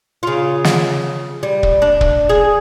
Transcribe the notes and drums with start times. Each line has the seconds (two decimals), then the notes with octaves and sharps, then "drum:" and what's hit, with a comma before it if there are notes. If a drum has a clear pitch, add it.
0.23 C#3 F4
0.64 drum: snare
1.43 G3
1.63 drum: kick
1.82 D4
2.01 drum: kick
2.29 G#4